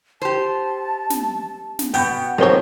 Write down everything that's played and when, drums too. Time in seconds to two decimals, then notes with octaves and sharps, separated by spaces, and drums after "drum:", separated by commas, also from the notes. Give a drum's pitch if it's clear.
0.22 G4 C5 A5
1.10 drum: snare
1.79 drum: snare
1.94 B2 B3 F#5 G5 G6, drum: open hi-hat
2.38 B1 A3 C4 A#4 C#5 G7